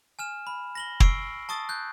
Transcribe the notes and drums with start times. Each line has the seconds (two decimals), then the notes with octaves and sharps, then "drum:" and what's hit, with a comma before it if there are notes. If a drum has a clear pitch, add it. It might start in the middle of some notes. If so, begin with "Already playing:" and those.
0.19 G#5 F6 E7
0.47 B5
0.75 A#6 F#7 G7
1.00 C#6 E6 C7 D7, drum: kick
1.49 A5 C#6 D#6 A6
1.69 F#6 G6